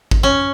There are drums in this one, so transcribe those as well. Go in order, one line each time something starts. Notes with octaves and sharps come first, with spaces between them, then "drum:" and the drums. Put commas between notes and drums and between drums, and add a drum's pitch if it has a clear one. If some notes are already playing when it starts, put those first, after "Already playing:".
drum: kick
C#4